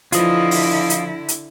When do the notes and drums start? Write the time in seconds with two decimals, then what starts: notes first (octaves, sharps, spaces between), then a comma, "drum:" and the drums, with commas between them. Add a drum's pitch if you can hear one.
0.12 D3 E3 F3 E4 F4 D#5, drum: hi-hat
0.51 drum: open hi-hat
0.90 drum: hi-hat
1.28 drum: hi-hat